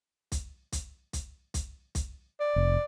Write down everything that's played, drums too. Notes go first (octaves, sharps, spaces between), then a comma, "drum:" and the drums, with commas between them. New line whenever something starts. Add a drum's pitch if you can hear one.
drum: kick, hi-hat
drum: kick, hi-hat
drum: kick, hi-hat
drum: kick, hi-hat
drum: kick, hi-hat
D5
F1